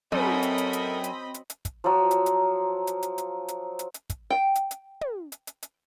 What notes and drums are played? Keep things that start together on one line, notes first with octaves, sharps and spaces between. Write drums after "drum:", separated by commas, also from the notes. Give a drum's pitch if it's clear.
F#2 C4 A4 A#4 D#5 B5, drum: tom
drum: hi-hat
drum: hi-hat
drum: hi-hat
drum: hi-hat
drum: hi-hat
drum: hi-hat
drum: kick, hi-hat
F3 F#3
drum: hi-hat
drum: hi-hat
drum: hi-hat
drum: hi-hat
drum: hi-hat
drum: hi-hat
drum: hi-hat
drum: hi-hat
drum: kick, hi-hat
G5
drum: hi-hat
drum: hi-hat
drum: tom
drum: hi-hat
drum: hi-hat
drum: hi-hat